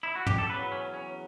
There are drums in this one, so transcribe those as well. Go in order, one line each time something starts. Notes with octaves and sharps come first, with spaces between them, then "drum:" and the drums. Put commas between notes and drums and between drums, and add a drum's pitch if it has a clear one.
E4
F#4
G4, drum: tom
A4
E2 C#3 F#3 B4
C#4
C#4